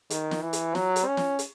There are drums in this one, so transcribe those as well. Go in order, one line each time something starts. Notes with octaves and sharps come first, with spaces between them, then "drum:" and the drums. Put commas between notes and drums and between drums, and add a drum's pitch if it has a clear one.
D#3, drum: hi-hat
drum: snare
E3
drum: hi-hat
F#3, drum: snare
drum: hi-hat
C#4
drum: snare
drum: hi-hat